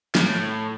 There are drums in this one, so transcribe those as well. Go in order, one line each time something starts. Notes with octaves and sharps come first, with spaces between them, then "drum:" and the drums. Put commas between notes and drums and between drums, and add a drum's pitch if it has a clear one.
A2, drum: snare